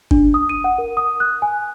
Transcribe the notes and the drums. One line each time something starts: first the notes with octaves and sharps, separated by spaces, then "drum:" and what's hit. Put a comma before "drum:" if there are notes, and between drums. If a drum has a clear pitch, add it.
D4, drum: kick G1
D#6
D#7
F#5
A#4
D#6
F#6
G#5